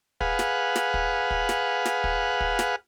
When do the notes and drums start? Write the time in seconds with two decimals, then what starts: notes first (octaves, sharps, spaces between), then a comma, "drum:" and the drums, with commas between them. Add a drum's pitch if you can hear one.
0.21 G#4 B4 F5 F#5, drum: kick
0.39 drum: snare
0.76 drum: snare
0.94 drum: kick
1.30 drum: kick
1.49 drum: snare
1.85 drum: snare
2.04 drum: kick
2.40 drum: kick
2.59 drum: snare